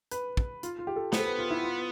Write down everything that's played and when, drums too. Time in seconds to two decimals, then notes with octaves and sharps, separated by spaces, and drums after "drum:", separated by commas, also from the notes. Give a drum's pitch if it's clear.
0.11 B4, drum: hi-hat
0.37 drum: kick
0.63 F4, drum: hi-hat
0.79 F4
0.87 G4
0.96 A4
1.13 B3 C5, drum: snare
1.19 A4
1.26 B4
1.39 F4
1.51 E4
1.63 F4